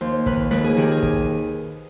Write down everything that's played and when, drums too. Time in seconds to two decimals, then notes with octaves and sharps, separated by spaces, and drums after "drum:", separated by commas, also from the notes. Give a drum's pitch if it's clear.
0.01 D#2 C5
0.26 D#3 B4, drum: kick
0.51 D#2 B4, drum: snare
0.64 G#4
0.76 D#3 G4
0.92 G#4
1.03 drum: kick